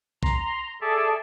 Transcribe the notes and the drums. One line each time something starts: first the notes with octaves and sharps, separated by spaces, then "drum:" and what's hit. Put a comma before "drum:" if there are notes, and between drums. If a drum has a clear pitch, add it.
A#5 C6, drum: kick B1
G#4 A4 D5 E5 A5